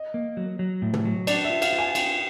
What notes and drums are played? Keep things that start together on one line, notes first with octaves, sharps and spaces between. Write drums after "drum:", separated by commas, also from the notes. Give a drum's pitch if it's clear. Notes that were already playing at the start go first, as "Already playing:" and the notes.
Already playing: D#5
A#3
F#3
F#3
A2
drum: tom
F#3
D4 D5, drum: cymbal
E5
F4
F5, drum: cymbal
F4
G#5
F4 G5, drum: cymbal